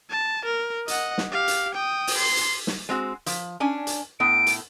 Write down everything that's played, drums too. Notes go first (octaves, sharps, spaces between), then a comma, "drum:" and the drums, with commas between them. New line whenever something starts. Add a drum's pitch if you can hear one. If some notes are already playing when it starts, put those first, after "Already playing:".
A5
A#4
D#5 F#5, drum: hi-hat
drum: snare
G4 F5
drum: hi-hat
G5 D#6
drum: open hi-hat
C6
drum: hi-hat
drum: snare
G#3 C4 F#4
F3, drum: hi-hat
C#4 D4 G#5
drum: hi-hat
A2 B3 D7
drum: hi-hat